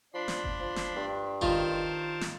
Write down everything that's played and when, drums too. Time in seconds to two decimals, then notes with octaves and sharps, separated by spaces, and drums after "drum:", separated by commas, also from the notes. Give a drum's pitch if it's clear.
0.14 F3 D4 B5 C6
0.28 drum: snare
0.44 drum: kick F#1
0.60 F3
0.76 drum: snare
0.96 G2
1.41 D#3 F4 A#4 C5 A5, drum: kick F#1
2.21 drum: snare